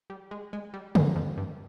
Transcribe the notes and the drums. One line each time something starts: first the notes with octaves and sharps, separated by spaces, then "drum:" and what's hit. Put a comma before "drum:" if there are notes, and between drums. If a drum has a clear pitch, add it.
G3
G#3
G#3
G3
G#2, drum: tom C#3
F2
G2